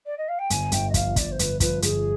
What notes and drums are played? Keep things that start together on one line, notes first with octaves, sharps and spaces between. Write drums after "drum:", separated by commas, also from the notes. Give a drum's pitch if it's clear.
D5
D#5
F5
G5
G1 G#5, drum: hi-hat
G1 G5, drum: hi-hat
D#5
F3 F5, drum: kick, hi-hat
G1 D5, drum: kick, hi-hat
C5
G1 B4, drum: hi-hat
F3 B4, drum: kick, hi-hat
G1 G#4, drum: hi-hat